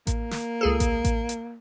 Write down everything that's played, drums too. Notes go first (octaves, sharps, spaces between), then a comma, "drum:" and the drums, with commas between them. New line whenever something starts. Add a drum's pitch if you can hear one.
A#3, drum: kick A1, hi-hat
drum: snare
C#2 G#4 A4
drum: kick A1, hi-hat
drum: kick A1, hi-hat
drum: hi-hat